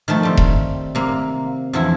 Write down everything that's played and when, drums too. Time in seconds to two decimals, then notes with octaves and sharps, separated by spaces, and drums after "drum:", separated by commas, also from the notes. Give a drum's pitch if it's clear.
0.08 D#3 F3 A3
0.23 G3 C4
0.37 drum: kick E1
0.95 C3 A#3
1.73 E2 F3 E4